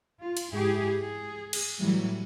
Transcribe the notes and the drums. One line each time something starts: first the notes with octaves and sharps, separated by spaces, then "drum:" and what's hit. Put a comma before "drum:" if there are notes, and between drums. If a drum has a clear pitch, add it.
F4
drum: cymbal
G#2 E4 G4 G#4
G#4
drum: cymbal
A2 E3 F#3 G3